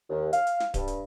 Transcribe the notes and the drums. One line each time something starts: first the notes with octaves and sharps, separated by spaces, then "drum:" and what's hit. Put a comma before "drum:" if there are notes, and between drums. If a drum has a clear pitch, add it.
D#2
F5, drum: hi-hat
drum: hi-hat
drum: snare
G2, drum: kick D1, hi-hat
drum: hi-hat